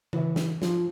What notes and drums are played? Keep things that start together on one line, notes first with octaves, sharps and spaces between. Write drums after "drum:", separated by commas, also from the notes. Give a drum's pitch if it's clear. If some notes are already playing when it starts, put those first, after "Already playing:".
E3, drum: tom C#3
drum: snare
F3, drum: snare